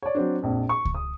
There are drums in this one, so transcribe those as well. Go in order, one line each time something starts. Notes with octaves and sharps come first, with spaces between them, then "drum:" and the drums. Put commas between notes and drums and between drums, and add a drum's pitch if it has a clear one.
C#5 D5
F#3 C4 D4
A#1 F2
C#6
drum: kick C#2
D#6